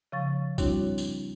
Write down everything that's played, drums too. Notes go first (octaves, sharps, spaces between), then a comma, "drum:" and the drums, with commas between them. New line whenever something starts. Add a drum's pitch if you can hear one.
C#3 F3 F5 C#6 A6
G3 C4 D4 E4 F#4 C#5, drum: kick, tambourine
drum: tambourine